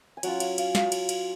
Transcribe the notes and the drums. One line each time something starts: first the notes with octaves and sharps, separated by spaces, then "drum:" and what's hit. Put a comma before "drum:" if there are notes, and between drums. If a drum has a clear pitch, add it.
G#5
F#3 C#4 F4 F#5, drum: cymbal
F5, drum: cymbal
F5, drum: cymbal
F5, drum: snare
drum: cymbal
drum: cymbal